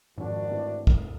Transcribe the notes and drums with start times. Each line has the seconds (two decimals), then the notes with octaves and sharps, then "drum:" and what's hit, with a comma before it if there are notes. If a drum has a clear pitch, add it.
0.18 G#1 F2 G#2 D#3 D4 F#4
0.50 A2 C3 E3
0.87 drum: kick